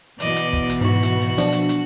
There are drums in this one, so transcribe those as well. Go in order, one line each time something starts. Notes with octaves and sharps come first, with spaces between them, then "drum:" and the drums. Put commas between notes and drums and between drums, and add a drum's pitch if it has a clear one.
B2 E3 D5 D#5, drum: hi-hat
drum: hi-hat
drum: kick
drum: hi-hat
G#2 F#4
drum: hi-hat
drum: open hi-hat
F3 D4, drum: hi-hat
drum: hi-hat
drum: hi-hat